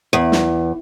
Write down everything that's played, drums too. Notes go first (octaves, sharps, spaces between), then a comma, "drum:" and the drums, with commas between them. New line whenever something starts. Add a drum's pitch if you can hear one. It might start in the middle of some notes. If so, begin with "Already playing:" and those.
E2
drum: snare